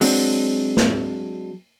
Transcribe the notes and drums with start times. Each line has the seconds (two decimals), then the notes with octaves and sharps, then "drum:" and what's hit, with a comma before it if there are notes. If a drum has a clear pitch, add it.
0.01 F#3 G#3 C4 D4, drum: open hi-hat
0.77 drum: snare